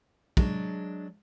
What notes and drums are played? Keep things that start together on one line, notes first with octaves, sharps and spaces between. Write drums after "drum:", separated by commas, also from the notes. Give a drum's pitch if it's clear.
F#3 G#3 D4, drum: kick